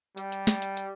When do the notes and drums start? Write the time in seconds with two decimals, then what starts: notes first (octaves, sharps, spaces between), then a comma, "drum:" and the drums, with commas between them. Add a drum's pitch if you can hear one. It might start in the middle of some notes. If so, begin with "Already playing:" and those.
0.17 G3, drum: hi-hat
0.32 drum: hi-hat
0.47 drum: snare
0.62 drum: hi-hat
0.77 drum: hi-hat